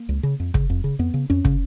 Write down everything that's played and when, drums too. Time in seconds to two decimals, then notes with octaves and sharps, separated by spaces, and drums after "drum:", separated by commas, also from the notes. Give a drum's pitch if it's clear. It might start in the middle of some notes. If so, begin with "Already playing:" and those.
Already playing: A#3
0.09 C#2
0.23 C#3
0.40 F2
0.54 C#3, drum: kick
0.70 F2
0.84 C#3
0.99 F2 B3
1.14 C#3
1.30 F2 C#4
1.45 C#3, drum: kick